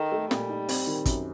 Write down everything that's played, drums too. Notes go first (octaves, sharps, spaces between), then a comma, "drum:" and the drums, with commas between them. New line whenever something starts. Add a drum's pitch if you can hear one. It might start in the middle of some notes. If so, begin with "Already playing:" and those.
Already playing: D#3 A4
A3
A#2 G3, drum: snare
D#4
C4, drum: open hi-hat
D#3
F#2, drum: kick, hi-hat